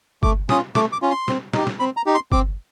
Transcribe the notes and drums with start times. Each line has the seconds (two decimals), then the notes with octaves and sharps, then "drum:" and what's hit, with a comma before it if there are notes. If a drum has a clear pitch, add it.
0.23 A3 D6, drum: kick G1
0.49 C#4 F4 D#6, drum: snare
0.75 A3 D6, drum: snare
0.92 D6
1.02 C#4 F4
1.10 C6
1.28 C4, drum: snare
1.53 D#4 G4, drum: snare
1.67 drum: snare
1.79 C4 B5
1.97 A#5
2.06 D#4 G4
2.15 C6
2.32 C4 D6, drum: kick G1